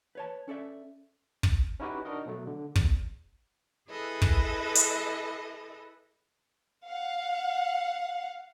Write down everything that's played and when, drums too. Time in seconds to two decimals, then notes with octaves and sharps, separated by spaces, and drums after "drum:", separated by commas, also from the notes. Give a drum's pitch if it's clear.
0.15 B4 C#5 A5
0.48 C#4 A4 D5 E5
1.43 drum: kick
1.80 C#4 D#4 E4 F#4 G4 B4
2.05 D4 D#4 F#4 A#4 D#5
2.26 B2 F#3 A3
2.47 D3
2.75 E2, drum: kick
3.89 E4 G#4 A4 B4 D#5 E5
4.22 drum: kick
4.75 drum: hi-hat
6.86 F5 F#5